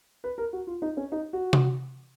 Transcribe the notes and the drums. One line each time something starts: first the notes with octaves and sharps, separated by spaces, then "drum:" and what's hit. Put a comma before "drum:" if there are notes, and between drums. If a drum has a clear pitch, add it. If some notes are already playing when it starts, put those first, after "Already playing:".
B4
A#4
F#4
F4
D#4
C#4
D#4
F#4
drum: tom C3